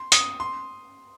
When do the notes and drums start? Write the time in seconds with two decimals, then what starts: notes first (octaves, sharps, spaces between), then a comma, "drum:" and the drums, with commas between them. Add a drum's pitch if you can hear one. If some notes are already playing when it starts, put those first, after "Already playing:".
Already playing: C6
0.12 D#6, drum: hi-hat
0.40 C6